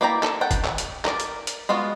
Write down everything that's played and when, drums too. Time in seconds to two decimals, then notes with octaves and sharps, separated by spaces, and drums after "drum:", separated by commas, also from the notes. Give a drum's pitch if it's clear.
0.01 A#3 E4 D5 G5 A#5
0.23 A4, drum: clap
0.41 F#5 G5 A5
0.51 drum: kick, hi-hat
0.64 drum: clap
0.78 drum: hi-hat
1.05 A#4 D5, drum: clap
1.20 drum: hi-hat
1.47 drum: hi-hat
1.69 G#3 B3 F4 F#4